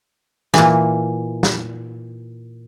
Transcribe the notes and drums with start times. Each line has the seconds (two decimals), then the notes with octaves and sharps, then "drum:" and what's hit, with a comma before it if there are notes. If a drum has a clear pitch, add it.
0.54 A#2 E3, drum: snare
1.43 drum: snare